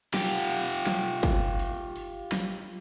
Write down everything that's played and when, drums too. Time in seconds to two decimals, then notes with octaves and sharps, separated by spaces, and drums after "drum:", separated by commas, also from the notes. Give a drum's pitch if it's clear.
0.14 F4 G4, drum: snare
0.50 drum: hi-hat
0.87 drum: snare
1.23 drum: kick, hi-hat
1.59 drum: open hi-hat
1.96 drum: open hi-hat
2.32 drum: snare